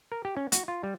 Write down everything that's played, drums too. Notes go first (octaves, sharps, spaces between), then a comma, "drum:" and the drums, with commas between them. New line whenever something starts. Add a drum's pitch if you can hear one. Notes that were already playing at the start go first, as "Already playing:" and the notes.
A#4
G4
C#4
F#4, drum: hi-hat
F4
G3